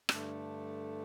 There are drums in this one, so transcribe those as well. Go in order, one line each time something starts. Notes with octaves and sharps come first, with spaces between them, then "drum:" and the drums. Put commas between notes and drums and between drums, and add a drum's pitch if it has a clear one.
G2 D3 A3 D4, drum: rim click